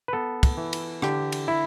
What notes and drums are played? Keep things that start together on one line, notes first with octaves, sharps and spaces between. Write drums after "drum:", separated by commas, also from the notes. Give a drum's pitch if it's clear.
B4
B3 A4
drum: kick, cymbal
E3
drum: cymbal
D3 G4, drum: rim click
drum: cymbal
E4